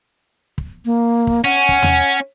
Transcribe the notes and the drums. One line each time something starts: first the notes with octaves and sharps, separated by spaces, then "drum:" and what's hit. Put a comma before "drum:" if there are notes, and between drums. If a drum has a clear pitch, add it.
drum: kick
A#3
drum: kick
C#4 F#5
drum: kick
drum: tom D#2